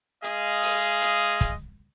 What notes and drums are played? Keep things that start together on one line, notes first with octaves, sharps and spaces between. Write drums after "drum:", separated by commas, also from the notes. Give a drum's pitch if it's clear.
G#3 G#4 D#5 F5, drum: hi-hat
drum: open hi-hat
drum: hi-hat
drum: kick, hi-hat